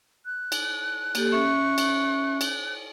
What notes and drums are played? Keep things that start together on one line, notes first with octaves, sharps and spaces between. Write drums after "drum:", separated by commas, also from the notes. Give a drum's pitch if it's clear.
F#6
drum: cymbal
A#3 G4 A4, drum: cymbal
C#4 E5 C#6
drum: cymbal
drum: cymbal